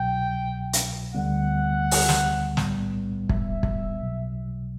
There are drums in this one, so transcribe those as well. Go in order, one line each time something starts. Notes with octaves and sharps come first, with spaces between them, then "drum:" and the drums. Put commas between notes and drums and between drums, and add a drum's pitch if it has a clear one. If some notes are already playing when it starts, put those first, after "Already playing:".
Already playing: C2 B2 F#3 G5
drum: hi-hat
D2 D3 G3 B3 F#5
drum: open hi-hat
drum: snare
B1 A2 G3 B3, drum: snare
E5, drum: kick
drum: kick
B1 B2 F#3